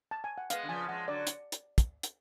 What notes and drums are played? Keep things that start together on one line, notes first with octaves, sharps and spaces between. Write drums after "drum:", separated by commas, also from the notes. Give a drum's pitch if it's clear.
A5
G#5
F#5
G#3 B3 F5, drum: hi-hat
D3
C#3 F3 G#5
F3 G#3 F#5
D3 F#3 D5
drum: hi-hat
drum: hi-hat
drum: kick, hi-hat
drum: hi-hat